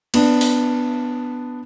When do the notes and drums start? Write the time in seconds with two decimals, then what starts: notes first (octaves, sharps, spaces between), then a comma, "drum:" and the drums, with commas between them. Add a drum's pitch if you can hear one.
0.14 B3 D4, drum: cymbal
0.41 drum: open hi-hat